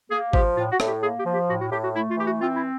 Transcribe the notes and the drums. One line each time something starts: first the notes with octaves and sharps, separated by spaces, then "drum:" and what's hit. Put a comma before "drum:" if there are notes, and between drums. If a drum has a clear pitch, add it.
A#3 G#4
F3 G4, drum: kick G#1
A2 F4
F#4
A2, drum: rim click
G4
A#3 G#4
G4
F3
G4
A2 F#4
F#4
A2 G4
F#4
A3 E4
F4
E3 G4
F#4
C4 F4
E4